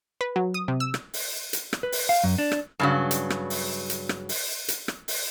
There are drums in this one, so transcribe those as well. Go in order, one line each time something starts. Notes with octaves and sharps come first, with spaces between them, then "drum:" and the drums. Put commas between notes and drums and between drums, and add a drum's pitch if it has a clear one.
B4
F#3
D#6
C3
E6
drum: rim click
drum: open hi-hat
drum: hi-hat
drum: rim click
B4
drum: open hi-hat
F5
F#2
D4
drum: rim click
G2 C#3 F#3
drum: hi-hat
drum: rim click
drum: open hi-hat
drum: hi-hat
drum: rim click
drum: open hi-hat
drum: hi-hat
drum: rim click
drum: open hi-hat